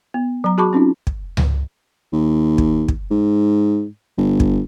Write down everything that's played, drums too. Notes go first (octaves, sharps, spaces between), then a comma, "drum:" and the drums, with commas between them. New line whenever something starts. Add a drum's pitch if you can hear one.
B3
F#3 A#5
F#4 G#4 A5 B5 C#6 D6
C4 C#4 D#4 F4
drum: kick
drum: tom C#2
D#2
drum: kick
drum: kick
G#2
G1
drum: kick